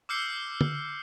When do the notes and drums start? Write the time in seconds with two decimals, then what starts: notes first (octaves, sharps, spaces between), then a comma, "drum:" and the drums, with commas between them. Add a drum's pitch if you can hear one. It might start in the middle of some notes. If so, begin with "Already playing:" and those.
0.09 D6 E6 F6 G6 C7 C#7
0.61 drum: tom